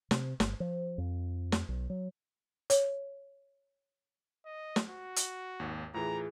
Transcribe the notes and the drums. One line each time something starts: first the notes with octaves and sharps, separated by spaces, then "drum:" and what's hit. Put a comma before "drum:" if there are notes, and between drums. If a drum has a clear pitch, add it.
C3, drum: snare
G1, drum: snare
F3
F2
drum: snare
B1
F#3
C#5, drum: hi-hat
D#5
drum: snare
F#4
drum: hi-hat
G#1 D#2
A2 E3 F4 G#4 A#5